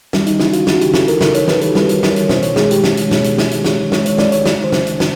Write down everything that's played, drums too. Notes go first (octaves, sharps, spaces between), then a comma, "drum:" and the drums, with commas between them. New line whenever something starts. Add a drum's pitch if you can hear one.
G3, drum: snare
D#4, drum: hi-hat
C#3 E4, drum: snare
F#4
F4, drum: hi-hat
C#3 F#4, drum: snare
G4, drum: hi-hat
E3 A4, drum: snare
A#4, drum: hi-hat
C#3 A#4, drum: snare
C#5, drum: hi-hat
E3 B4, drum: snare
B4, drum: hi-hat
G3 B4, drum: snare
drum: hi-hat
G3, drum: snare
drum: hi-hat
B2 C5, drum: snare
C#5, drum: hi-hat
G#3 G#4, drum: snare
G4, drum: hi-hat
G#3, drum: snare
drum: hi-hat
B2, drum: snare
drum: hi-hat
G#3, drum: snare
drum: hi-hat
G#3, drum: snare
G#3 C#5, drum: snare
C#5, drum: hi-hat
G#3 D5, drum: snare
C#5, drum: hi-hat
C#3, drum: snare
C5
C#3, drum: snare
drum: hi-hat
drum: snare